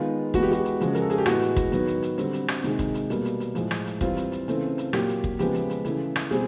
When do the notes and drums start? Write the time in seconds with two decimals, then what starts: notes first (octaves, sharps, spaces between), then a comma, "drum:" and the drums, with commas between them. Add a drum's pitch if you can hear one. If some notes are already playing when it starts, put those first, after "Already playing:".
Already playing: D#3 G#3 B3 F4
0.34 E3 G#3 B3 F#4, drum: kick, hi-hat
0.43 G4
0.52 F#4, drum: hi-hat
0.65 drum: hi-hat
0.80 C#3 F3 G#3, drum: hi-hat
0.95 A#4, drum: hi-hat
1.02 A4
1.10 G#4, drum: hi-hat
1.18 G4
1.26 A2 E3 G#3 B3 F#4, drum: rim click
1.41 drum: hi-hat
1.57 drum: kick, hi-hat
1.72 D#3 F#3 B3, drum: hi-hat
1.87 drum: hi-hat
2.02 drum: hi-hat
2.18 D3 G3 C4, drum: hi-hat
2.33 drum: hi-hat
2.48 drum: rim click
2.63 C3 D#3 G#3, drum: hi-hat
2.79 drum: kick, hi-hat
2.94 drum: hi-hat
3.10 B2 G3 A#3, drum: hi-hat
3.25 drum: hi-hat
3.40 drum: hi-hat
3.55 A2 F3 G#3, drum: hi-hat
3.71 drum: rim click
3.86 drum: hi-hat
4.01 E3 G3 C4 F4, drum: kick, hi-hat
4.17 drum: hi-hat
4.32 drum: hi-hat
4.48 C#3 E3 A3 C4, drum: hi-hat
4.78 drum: hi-hat
4.93 A#2 F#3 A#3 G4, drum: rim click
5.08 drum: hi-hat
5.24 drum: kick
5.39 C#3 F3 G#3 B3 G4, drum: hi-hat
5.54 drum: hi-hat
5.70 drum: hi-hat
5.85 C#3 E3 A3, drum: hi-hat
6.16 drum: rim click
6.31 B2 G3 C4 G#4, drum: hi-hat